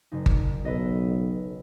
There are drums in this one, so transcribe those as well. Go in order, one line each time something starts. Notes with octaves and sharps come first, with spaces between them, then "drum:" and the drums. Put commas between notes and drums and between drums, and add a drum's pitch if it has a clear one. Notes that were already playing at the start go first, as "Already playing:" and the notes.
F#1 D#4
drum: kick G1
B1 A4 B4 D#5